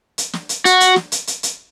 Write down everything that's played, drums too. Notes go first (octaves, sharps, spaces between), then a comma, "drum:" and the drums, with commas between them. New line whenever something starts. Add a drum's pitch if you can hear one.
drum: hi-hat
drum: snare
drum: hi-hat
F#4, drum: hi-hat
drum: hi-hat
drum: snare
drum: hi-hat
drum: hi-hat
drum: hi-hat